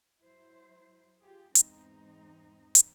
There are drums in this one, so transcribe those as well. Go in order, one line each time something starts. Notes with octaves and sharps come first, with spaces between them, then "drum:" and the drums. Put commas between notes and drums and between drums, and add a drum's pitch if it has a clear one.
F#3 E4 C5
F4 G4 G#4
E2 G#2 G#3 C4 D#4, drum: hi-hat
drum: hi-hat